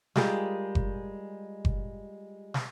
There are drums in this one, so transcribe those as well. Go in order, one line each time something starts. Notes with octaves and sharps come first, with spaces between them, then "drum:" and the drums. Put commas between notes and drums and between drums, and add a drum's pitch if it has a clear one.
G3 G#3 F4 G4 G#4 A#4, drum: snare
drum: kick F#1
drum: kick F#1
drum: snare